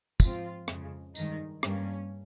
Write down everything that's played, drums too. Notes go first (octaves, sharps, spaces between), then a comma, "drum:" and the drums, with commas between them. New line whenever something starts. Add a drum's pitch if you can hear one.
G#2 F3 C4 F4, drum: kick, tambourine
F2 C#3 G#3, drum: rim click
G2 D#3 G#3 D#4, drum: tambourine
G2 G3 A#3 C#4, drum: rim click